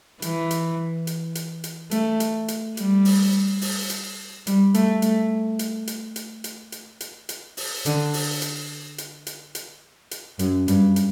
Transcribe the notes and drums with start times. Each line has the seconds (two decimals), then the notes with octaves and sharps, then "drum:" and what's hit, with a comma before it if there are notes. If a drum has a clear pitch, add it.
0.22 E3, drum: hi-hat
0.51 drum: hi-hat
1.07 drum: hi-hat
1.35 drum: hi-hat
1.64 drum: hi-hat
1.91 A3, drum: hi-hat
2.20 drum: hi-hat
2.48 drum: hi-hat
2.77 G3, drum: hi-hat
3.05 drum: open hi-hat
3.61 drum: open hi-hat
3.90 drum: hi-hat
4.47 G3, drum: hi-hat
4.74 A3, drum: hi-hat
5.02 A3, drum: hi-hat
5.59 drum: hi-hat
5.87 drum: hi-hat
6.16 drum: hi-hat
6.44 drum: hi-hat
6.72 drum: hi-hat
7.00 drum: hi-hat
7.29 drum: hi-hat
7.57 drum: open hi-hat
7.86 D3, drum: hi-hat
8.14 drum: open hi-hat
8.42 drum: hi-hat
8.98 drum: hi-hat
9.27 drum: hi-hat
9.55 drum: hi-hat
10.11 drum: hi-hat
10.39 F#2, drum: hi-hat
10.68 G2, drum: hi-hat
10.96 drum: hi-hat